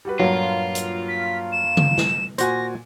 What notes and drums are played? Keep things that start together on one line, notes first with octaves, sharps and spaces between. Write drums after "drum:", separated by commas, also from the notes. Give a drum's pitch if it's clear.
G3 F#4 B4
G2 A#2 F#3 A#3 F4
drum: hi-hat
B6
E7
drum: tom C#3
drum: snare
A#2 F#4 C5 G#5 A#6, drum: hi-hat